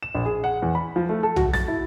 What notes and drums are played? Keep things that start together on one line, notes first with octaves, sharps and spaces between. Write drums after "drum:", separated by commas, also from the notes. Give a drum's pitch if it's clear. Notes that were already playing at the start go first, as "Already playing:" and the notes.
E7
A#1
G#4
F#5
E2
B5
F3
A3
A4
F#4, drum: tom B1
A6, drum: snare
E4